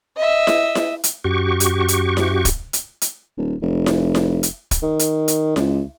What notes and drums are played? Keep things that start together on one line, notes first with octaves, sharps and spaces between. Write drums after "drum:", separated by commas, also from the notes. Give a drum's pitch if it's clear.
D#5 E5
drum: snare E4
drum: snare E4
drum: hi-hat
F#2 F#4 G4 C#6
drum: hi-hat
drum: hi-hat
drum: snare E4
drum: kick, hi-hat
drum: hi-hat
drum: hi-hat
D#1
F1
drum: snare E4
drum: snare E4
drum: hi-hat
drum: kick, hi-hat
D#3
drum: hi-hat
drum: hi-hat
C#2, drum: snare E4